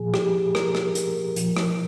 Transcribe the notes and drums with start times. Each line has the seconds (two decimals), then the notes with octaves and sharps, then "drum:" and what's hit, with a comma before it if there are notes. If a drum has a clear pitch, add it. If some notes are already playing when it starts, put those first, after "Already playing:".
Already playing: A#2 F3 G#4
0.14 G4, drum: rim click
0.55 A#4, drum: rim click
0.75 drum: rim click
0.95 drum: hi-hat
1.36 A#2 F3, drum: hi-hat
1.57 drum: rim click